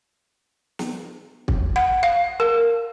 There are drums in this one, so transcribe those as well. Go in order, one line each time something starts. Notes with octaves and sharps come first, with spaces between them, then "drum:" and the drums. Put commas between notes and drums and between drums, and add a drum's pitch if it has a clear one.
drum: snare
drum: kick
F#5
F5
A#4